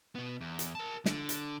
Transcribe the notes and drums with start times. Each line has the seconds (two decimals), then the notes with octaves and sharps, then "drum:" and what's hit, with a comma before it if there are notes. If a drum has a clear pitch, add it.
0.15 B2 B3
0.41 E2
0.59 drum: hi-hat
0.75 A#4 A5
1.05 D3, drum: snare
1.29 drum: hi-hat